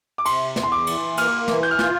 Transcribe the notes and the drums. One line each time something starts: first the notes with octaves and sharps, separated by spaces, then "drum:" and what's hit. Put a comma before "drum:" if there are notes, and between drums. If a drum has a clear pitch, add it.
D6
C3 C6, drum: cymbal
E2, drum: snare
C6
D6
E3, drum: cymbal
A#3 F6, drum: cymbal
E3, drum: snare
G6
F6
F4 G6, drum: snare